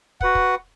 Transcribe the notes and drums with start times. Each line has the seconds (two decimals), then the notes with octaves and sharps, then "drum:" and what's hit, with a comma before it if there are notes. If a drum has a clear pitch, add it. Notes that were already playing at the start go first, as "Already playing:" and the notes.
0.21 F#4 B4 F#5, drum: kick
0.35 drum: kick